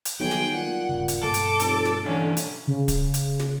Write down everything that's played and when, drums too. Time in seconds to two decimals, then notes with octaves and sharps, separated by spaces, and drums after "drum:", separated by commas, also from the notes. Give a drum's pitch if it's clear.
0.05 drum: hi-hat
0.20 B1 D#3 F#3 G3 G#4 G5
0.31 drum: snare
0.53 A#2 F#5
0.89 D#1 G2 C#3
1.08 drum: hi-hat
1.23 G2 B2 G3 A4 D6
1.34 drum: hi-hat
1.59 F1, drum: hi-hat
1.85 drum: snare
2.05 B1 D3 E3 C#4
2.37 drum: hi-hat
2.67 C#3
2.88 drum: kick, hi-hat
3.14 drum: hi-hat
3.39 drum: snare